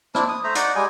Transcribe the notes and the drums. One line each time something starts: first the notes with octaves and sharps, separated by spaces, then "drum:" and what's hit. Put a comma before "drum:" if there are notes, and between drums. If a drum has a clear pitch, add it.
C4 D4 E4, drum: rim click
D#6
A3 C5 E5 A#5
D#4 D5 F#5, drum: hi-hat
G3 G#3 G#5